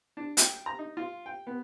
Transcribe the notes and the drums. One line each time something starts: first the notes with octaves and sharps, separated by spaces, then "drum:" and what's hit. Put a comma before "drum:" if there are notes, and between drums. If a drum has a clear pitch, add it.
D4
G5, drum: hi-hat
A#5
D#4
F4
G5
B3